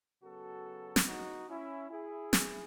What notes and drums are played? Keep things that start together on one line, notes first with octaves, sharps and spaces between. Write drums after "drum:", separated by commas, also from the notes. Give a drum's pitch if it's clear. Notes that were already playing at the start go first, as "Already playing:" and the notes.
C#3 F#3 B3 F#4 A4
drum: snare
D#4 F#4
C#4 E4
E4 G#4
drum: snare